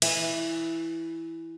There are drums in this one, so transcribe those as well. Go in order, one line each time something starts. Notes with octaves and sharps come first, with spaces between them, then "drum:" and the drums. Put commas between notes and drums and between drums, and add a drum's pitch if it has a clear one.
E3, drum: cymbal